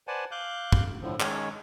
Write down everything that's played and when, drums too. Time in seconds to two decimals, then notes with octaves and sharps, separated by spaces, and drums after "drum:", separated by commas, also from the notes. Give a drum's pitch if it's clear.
0.08 B4 C5 D5 F#5 G#5 A5
0.31 F5 D6 F#6 G6
0.72 drum: kick
1.02 A2 D3 F3
1.20 D#3 G#3 C#4 C#5, drum: clap